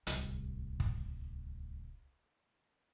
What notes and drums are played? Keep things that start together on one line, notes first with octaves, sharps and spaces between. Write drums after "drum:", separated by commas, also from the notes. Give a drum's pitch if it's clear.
D1 C2, drum: hi-hat
drum: kick